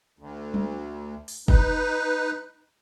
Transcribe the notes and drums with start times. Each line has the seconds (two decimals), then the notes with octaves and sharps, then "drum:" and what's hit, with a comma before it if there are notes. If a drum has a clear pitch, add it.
0.19 D2
0.54 drum: tom G3
1.28 drum: open hi-hat
1.48 D#4 B4, drum: kick